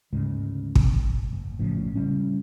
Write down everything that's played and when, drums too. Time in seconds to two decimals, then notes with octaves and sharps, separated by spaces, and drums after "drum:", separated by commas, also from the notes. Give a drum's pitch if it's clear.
0.13 D2 G#2 C#3 G#3
0.75 drum: kick
1.32 F#1
1.59 A#1 A2 C#3 F3
1.95 C#3 G3 C#4